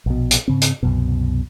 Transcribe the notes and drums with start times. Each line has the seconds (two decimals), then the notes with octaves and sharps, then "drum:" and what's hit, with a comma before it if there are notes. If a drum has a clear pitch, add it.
0.06 A#1 B2
0.31 drum: hi-hat
0.48 G#2 C#3 C4
0.61 drum: hi-hat
0.83 C2 F#2 B2